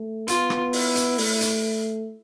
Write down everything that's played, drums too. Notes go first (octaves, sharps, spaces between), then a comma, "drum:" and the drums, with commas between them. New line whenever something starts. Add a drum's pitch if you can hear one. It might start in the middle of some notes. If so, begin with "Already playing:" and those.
Already playing: A3
B3 F4, drum: hi-hat
drum: rim click
E4, drum: open hi-hat
drum: hi-hat
A3, drum: open hi-hat
drum: hi-hat